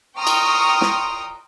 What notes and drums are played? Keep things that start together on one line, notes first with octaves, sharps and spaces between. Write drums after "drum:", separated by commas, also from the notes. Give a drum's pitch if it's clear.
G5 A#5 C6 C#6 D#6 F6
drum: cymbal
drum: snare